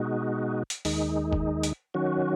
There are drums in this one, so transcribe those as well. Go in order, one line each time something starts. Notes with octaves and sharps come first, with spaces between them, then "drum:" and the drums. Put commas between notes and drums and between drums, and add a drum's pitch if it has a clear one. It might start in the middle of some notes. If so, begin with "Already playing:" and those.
Already playing: B2 G#3 D#4 F#4
drum: hi-hat
D#2 D#3 G#3 D#4, drum: open hi-hat
drum: kick F#1
drum: hi-hat
D#3 F#3 C#4 F#4